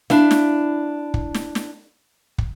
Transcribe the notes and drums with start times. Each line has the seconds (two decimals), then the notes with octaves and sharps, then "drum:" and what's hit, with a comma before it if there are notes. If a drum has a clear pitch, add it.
0.10 D4 E4 F5, drum: snare
0.31 drum: snare
1.14 drum: kick
1.35 drum: snare
1.55 drum: snare
2.38 drum: kick